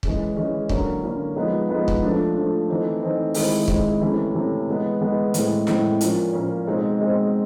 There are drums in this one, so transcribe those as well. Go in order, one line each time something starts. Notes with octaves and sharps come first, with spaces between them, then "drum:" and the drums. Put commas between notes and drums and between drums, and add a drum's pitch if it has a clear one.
E3 G#3 C#4, drum: kick
E3 G#3 C#4
D3 F#3 A#3 C#4, drum: kick
D3 F#3 A#3 C#4
F3 G#3 B3 D#4
F3 G#3 B3 D#4
drum: kick
F3 A3 D4
F3 A3 D4
E3 A3 C4 D#4
E3 A3 C4 D#4
D#3 G#3 C4 E4, drum: open hi-hat
D#3 G#3 C4 E4, drum: kick
C3 E3 A3 C#4 E4
C3 E3 A3 C#4 E4
E3 G#3 B3
E3 G#3 B3
A2 E3 G#3 C4 E4, drum: hi-hat
A2 E3 G#3 C4 E4, drum: snare
A#2 F3 A#3 C#4, drum: hi-hat
A#2 F3 A#3 C#4
B2 G#3 C4 D#4
B2 G#3 C4 D#4